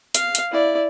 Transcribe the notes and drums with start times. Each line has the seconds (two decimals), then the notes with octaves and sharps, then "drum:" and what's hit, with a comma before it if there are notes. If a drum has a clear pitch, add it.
0.14 F5, drum: hi-hat
0.35 drum: hi-hat
0.51 E4 D5